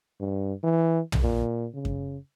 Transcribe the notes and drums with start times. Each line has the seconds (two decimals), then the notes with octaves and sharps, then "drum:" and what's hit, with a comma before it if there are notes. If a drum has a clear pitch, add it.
0.20 G2
0.64 E3
1.12 drum: tom
1.23 A#2
1.74 C#3
1.85 drum: kick F#2